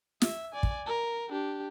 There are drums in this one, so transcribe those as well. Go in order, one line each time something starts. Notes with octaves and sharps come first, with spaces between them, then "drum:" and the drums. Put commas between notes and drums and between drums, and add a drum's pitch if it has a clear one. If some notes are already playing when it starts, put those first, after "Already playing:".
E5, drum: snare
D5 G#5
drum: kick
A#4
D4 G4